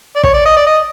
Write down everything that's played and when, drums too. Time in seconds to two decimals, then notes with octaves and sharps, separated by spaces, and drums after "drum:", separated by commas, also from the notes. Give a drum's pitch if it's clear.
0.16 D5
0.24 C#5, drum: kick
0.34 D5
0.46 D#5
0.57 D5
0.67 D#5